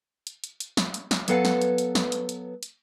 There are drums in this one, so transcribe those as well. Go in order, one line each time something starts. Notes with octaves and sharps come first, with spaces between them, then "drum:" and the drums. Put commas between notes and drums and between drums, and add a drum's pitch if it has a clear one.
drum: hi-hat
drum: hi-hat
drum: hi-hat
drum: snare
drum: hi-hat
drum: snare
F#3 B3 A4 B4 F5 F#5, drum: hi-hat
drum: snare
drum: hi-hat
drum: hi-hat
drum: snare
drum: hi-hat
drum: hi-hat
drum: hi-hat